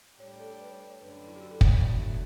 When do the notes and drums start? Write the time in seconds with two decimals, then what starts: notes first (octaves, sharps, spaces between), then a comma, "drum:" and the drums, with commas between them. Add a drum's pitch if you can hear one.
0.19 A2 G3 D4 G4 C#5
0.40 A4
0.61 B4
0.70 C#5
0.80 D5
0.90 C#5
1.01 F#2 D3 G3 D4 B4
1.27 E4
1.36 G4
1.41 F#4
1.51 A4
1.61 C#5, drum: kick
1.71 D5
1.81 E2 D3 F#3 A3